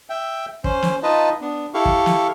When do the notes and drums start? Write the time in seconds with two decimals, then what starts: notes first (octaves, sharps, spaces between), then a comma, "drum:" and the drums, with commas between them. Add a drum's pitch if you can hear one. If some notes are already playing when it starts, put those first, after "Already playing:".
0.10 E5 G5
0.64 C#4 C5, drum: kick
0.82 drum: snare
1.03 D#4 F4 B4 D#5 A5
1.41 B3 D4
1.74 E4 G4 A4 F5 C#6
1.85 drum: kick
2.06 drum: snare